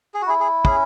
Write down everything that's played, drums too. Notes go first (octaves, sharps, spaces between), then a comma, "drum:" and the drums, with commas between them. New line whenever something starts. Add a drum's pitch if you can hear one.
G#4
F#4
E4 G#4
G#4
C#4 G#4, drum: kick